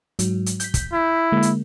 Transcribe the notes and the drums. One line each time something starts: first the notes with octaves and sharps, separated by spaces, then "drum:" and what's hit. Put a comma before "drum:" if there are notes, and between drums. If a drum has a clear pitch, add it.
G#2 F#3, drum: hi-hat
drum: hi-hat
G6 B6, drum: hi-hat
drum: kick, hi-hat
E4
D3 G#3 A#3
drum: hi-hat